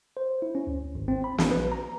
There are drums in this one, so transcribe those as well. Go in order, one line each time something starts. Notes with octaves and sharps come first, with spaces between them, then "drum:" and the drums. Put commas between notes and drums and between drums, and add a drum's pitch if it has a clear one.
C5
E4
C#4
D2
G#1
C4
B5
A#1, drum: snare
B4
A#5